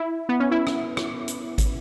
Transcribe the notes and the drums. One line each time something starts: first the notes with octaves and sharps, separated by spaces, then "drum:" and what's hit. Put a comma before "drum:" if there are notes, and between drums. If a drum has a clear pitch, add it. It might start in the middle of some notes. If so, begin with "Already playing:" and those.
Already playing: E4
B3
C#4
E4
drum: rim click
drum: rim click
drum: hi-hat
drum: kick, hi-hat